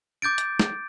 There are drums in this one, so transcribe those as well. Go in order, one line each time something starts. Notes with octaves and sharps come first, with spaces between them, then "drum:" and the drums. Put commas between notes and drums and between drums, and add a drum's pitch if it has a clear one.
D6 G6 A6 D7
drum: hi-hat
drum: snare